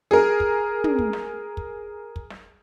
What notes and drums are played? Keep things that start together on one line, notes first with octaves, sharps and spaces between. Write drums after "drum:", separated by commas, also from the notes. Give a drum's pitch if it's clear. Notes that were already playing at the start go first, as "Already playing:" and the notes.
G#4 A#4
drum: kick
drum: tom
drum: kick
drum: snare
drum: kick
drum: kick
drum: snare